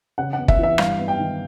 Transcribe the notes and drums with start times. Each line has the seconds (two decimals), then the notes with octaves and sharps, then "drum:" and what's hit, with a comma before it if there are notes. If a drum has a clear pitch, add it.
0.18 C#3 F#5
0.33 F#5
0.38 B3
0.48 E5, drum: kick
0.59 E3 E5
0.78 G2 F5, drum: rim click
0.99 B3
1.08 G5
1.19 D#3